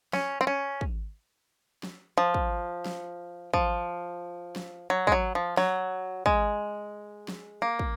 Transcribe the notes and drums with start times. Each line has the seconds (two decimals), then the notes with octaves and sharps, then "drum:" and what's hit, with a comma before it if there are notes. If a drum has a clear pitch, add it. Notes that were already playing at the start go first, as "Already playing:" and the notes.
0.13 C#4, drum: snare
0.41 C4
0.47 C#4
0.81 drum: kick
1.83 drum: snare
2.18 F3
2.34 drum: kick
2.85 drum: snare
3.54 F3, drum: kick
4.56 drum: snare
4.90 F#3
5.07 G#3, drum: kick
5.12 F#3
5.35 F3
5.57 F#3, drum: snare
6.26 G#3, drum: kick
7.28 drum: snare
7.62 A#3
7.79 drum: kick